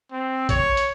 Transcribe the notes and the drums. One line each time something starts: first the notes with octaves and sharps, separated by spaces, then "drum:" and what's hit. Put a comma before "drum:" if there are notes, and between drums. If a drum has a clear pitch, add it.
C4
C#5, drum: kick, hi-hat
drum: hi-hat